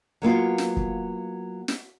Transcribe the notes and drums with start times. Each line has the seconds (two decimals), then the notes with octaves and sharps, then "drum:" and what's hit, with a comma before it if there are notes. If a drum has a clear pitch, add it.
0.22 F#3 A#3 B3 F4
0.58 drum: snare
0.77 drum: kick
1.68 drum: snare